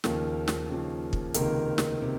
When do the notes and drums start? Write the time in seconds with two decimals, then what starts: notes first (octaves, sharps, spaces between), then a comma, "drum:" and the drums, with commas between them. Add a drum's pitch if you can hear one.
0.04 D#2 C#3 F3 A#3 A#4, drum: snare
0.48 drum: snare
0.69 D#2 C#3 F3
1.13 drum: kick
1.34 C#2 C3 D#3 A#3 A#4, drum: hi-hat
1.78 drum: snare
2.02 C3